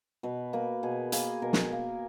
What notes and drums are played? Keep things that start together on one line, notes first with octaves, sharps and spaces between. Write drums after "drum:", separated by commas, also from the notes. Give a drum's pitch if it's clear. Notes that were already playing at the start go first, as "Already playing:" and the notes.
B2 B4
A#3 B4
B2 G#4
A#3 G#4, drum: hi-hat
B2 A#4
drum: snare
A#3